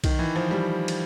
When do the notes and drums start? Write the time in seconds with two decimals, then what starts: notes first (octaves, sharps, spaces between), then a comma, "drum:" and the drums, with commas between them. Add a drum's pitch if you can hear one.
0.04 D#3, drum: kick B1, cymbal
0.19 E3
0.36 F3
0.51 G3
0.88 drum: cymbal